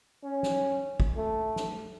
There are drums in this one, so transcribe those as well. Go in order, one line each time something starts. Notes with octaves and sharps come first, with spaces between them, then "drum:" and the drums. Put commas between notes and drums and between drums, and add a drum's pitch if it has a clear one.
C#4
drum: snare
drum: kick
A3
drum: snare